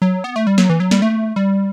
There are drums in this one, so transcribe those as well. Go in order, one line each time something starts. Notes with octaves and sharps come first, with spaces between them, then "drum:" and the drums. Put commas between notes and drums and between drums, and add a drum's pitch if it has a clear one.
F#3
B3
A3
G3
F#3, drum: snare
E3
F#3
G3, drum: snare
A3
G3